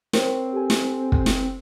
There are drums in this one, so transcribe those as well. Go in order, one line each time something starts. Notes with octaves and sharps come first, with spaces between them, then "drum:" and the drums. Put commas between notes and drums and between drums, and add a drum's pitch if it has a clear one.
C4 A#4 C#5, drum: snare
G4 A4 G#5
drum: snare
drum: kick
drum: snare